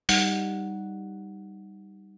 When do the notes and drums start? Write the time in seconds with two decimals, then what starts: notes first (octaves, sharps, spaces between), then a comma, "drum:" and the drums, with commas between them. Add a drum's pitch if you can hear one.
0.09 G3 D#4 F#5, drum: open hi-hat